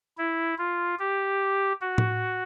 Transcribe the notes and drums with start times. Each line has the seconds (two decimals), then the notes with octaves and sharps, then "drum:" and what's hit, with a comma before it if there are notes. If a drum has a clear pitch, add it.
0.18 E4
0.58 F4
0.99 G4
1.81 F#4
1.98 drum: tom A2